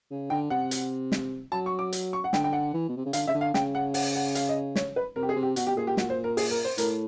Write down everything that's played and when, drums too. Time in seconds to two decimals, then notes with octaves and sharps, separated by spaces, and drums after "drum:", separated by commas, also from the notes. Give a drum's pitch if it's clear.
0.11 C#3
0.30 D3 G5
0.50 C3 F#5
0.71 drum: hi-hat
1.12 drum: snare
1.52 F#3 A5
1.66 C#6
1.79 D6
1.92 drum: hi-hat
2.13 C#6
2.24 F#5
2.33 D3 G5, drum: snare
2.44 G5
2.53 F#5
2.73 E3
2.89 B2
2.97 C3
3.05 C#3
3.13 D3 F5, drum: hi-hat
3.27 C#3 E5
3.34 D3
3.41 F5
3.54 C#3 G5, drum: snare
3.75 F#5
3.94 F#5, drum: open hi-hat
4.15 F#5
4.35 F5, drum: hi-hat
4.49 D#5
4.76 C#5, drum: snare
4.96 B4
5.16 C3 A#4
5.23 G4
5.29 G#4
5.36 C3
5.43 G4
5.56 B2 F#4, drum: hi-hat
5.67 G4
5.76 A#2 G#4
5.87 G4
5.97 F#4, drum: snare
6.10 C5
6.24 A#4
6.37 G#4, drum: open hi-hat
6.51 A#4
6.65 C5
6.78 A2 A#4, drum: hi-hat